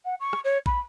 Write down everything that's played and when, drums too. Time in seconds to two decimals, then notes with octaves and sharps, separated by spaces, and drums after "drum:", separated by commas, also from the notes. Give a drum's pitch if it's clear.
0.05 F#5
0.20 C#6
0.33 drum: rim click
0.44 C#5
0.66 B5, drum: kick A#1